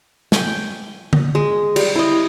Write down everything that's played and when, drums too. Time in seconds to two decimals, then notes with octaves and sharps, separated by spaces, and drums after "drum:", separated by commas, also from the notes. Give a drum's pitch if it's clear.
0.32 G5 G#5, drum: snare
1.13 drum: tom D3
1.35 G#3
1.76 G3, drum: cymbal
1.96 E4 D#5